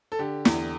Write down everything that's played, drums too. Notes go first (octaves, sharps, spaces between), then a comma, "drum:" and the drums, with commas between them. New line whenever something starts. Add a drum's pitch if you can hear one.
A4
D3 G4
E2, drum: snare